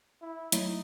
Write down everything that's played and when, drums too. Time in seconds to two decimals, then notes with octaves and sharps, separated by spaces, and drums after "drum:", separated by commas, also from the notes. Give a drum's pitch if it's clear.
0.21 E4
0.52 F#3 A3 D#4 E4, drum: hi-hat